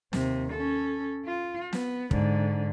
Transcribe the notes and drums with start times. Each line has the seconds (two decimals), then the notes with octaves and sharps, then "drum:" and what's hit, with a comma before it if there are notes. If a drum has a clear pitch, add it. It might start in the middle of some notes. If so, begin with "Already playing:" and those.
0.13 D#2 C3, drum: snare
0.53 C#4 A4
1.26 F4
1.73 B3, drum: snare
2.11 G#2 D3, drum: kick